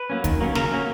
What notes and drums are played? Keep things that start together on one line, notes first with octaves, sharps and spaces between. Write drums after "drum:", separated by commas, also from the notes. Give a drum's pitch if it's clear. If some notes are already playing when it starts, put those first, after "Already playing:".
Already playing: B4
F#3 A#3 C#4
D#3, drum: kick, hi-hat
F#3 A#3 C#4
C#3 A#4, drum: snare
F#3 A#3 C#4